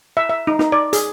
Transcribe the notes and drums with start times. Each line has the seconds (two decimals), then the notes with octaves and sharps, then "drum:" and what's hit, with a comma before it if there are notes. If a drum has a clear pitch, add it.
0.17 E5
0.30 E5
0.47 D#4
0.59 D#4, drum: snare
0.72 D5
0.93 G#4, drum: hi-hat